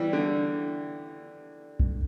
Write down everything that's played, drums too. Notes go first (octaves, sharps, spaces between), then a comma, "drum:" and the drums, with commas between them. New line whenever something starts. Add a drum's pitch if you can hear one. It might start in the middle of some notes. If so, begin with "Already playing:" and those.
Already playing: E3 G3
D3
drum: kick B1